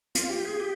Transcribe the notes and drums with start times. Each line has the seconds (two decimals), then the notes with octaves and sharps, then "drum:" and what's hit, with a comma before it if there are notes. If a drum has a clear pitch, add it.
0.15 F4, drum: hi-hat
0.30 G4
0.45 G#4
0.60 G4